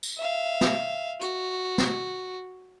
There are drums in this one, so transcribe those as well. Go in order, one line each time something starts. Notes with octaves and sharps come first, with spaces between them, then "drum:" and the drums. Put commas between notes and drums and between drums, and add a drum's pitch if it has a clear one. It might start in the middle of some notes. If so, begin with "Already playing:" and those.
drum: tambourine
E5 F5
drum: snare
F#4, drum: hi-hat
drum: snare